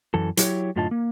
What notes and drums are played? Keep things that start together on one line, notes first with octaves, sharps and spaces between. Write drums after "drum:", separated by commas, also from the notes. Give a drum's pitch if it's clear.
F#2 E3 A4
F#3 E4 G4 A#4 C#5, drum: hi-hat
F#2 A2 D3 F4 D#5 A5
A#3